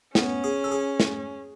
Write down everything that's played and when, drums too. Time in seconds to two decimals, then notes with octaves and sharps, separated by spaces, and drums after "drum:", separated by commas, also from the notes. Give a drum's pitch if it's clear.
0.15 B3 C#4, drum: snare
0.44 G#4
0.64 A4
0.72 G#4
1.00 drum: snare